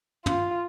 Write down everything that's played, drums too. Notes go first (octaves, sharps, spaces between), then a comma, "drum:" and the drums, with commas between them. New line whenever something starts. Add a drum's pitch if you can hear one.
F4, drum: tom